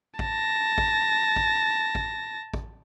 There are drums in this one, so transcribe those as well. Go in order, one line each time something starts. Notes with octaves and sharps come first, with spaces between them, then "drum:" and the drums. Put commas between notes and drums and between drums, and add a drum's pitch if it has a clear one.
A5 A#6, drum: kick
drum: kick
drum: kick
drum: kick
drum: kick